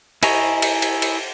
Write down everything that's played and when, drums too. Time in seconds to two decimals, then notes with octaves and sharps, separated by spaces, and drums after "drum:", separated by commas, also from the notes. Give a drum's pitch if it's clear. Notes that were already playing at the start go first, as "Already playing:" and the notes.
0.23 E4 D#5 G#5 A#5 C#6, drum: cymbal
0.62 drum: cymbal
0.82 drum: cymbal
1.02 drum: cymbal